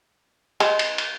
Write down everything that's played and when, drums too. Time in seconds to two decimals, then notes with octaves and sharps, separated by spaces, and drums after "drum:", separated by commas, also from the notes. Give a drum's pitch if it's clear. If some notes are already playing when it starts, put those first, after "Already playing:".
0.60 G#3, drum: cymbal
0.79 drum: cymbal
0.98 drum: cymbal